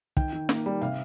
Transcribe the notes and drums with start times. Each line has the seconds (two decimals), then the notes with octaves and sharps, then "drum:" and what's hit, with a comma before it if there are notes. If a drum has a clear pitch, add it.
0.17 D#3 G5, drum: kick
0.33 D#3
0.49 A#3, drum: snare
0.66 G3
0.82 C3 F5